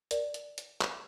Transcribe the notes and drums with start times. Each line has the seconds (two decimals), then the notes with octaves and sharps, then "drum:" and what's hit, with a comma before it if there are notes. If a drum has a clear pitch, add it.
0.11 A#4 D5, drum: hi-hat
0.34 drum: hi-hat
0.58 drum: hi-hat
0.81 drum: clap